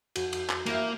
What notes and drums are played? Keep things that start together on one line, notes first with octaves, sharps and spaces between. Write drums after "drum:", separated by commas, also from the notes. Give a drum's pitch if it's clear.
F2 F#4, drum: cymbal
drum: cymbal
drum: clap
E3 A#3 G4 E5, drum: cymbal